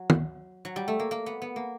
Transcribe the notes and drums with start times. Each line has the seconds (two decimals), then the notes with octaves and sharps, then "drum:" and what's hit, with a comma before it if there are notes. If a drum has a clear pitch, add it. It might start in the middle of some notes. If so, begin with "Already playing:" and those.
Already playing: F#3
0.10 drum: tom D#3
0.65 F#3
0.76 G3
0.88 A3
0.99 A#3
1.11 A#3
1.26 B3
1.42 B3
1.56 A#3